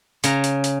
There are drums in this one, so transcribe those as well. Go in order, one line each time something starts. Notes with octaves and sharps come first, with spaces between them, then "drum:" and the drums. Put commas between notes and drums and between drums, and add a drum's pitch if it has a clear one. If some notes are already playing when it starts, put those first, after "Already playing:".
C#3 A#5, drum: hi-hat
drum: hi-hat
drum: hi-hat